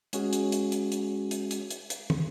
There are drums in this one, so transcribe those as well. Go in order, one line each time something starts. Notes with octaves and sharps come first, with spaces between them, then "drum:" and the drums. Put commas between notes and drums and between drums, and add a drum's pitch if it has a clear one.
G#3 C#4 F#4 G#4, drum: hi-hat
drum: hi-hat
drum: hi-hat
drum: hi-hat
drum: hi-hat
drum: hi-hat
drum: hi-hat
drum: hi-hat
drum: hi-hat
drum: tom